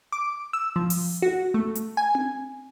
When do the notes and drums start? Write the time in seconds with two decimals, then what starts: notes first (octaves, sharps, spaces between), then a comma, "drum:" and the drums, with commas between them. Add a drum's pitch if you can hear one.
0.12 D6
0.53 E6
0.76 F3
0.90 drum: open hi-hat
1.22 F#4
1.54 A3
1.75 drum: hi-hat
1.97 G#5
2.15 drum: tom C4